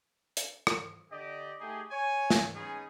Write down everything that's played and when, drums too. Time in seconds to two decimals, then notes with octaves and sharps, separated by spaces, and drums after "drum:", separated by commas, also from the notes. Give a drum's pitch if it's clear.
0.37 drum: hi-hat
0.67 drum: rim click
1.11 D3 G4 D5 D#5
1.60 A3 D#4 G4 G#4
1.91 C#5 G#5
2.30 drum: snare
2.55 G#3 B3 C#4 D#4 G#4